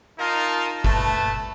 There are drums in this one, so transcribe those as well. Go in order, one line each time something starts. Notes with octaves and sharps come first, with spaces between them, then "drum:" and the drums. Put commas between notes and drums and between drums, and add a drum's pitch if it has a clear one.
D#4 F4 A#4 F5 A5
A3 B4 A5, drum: kick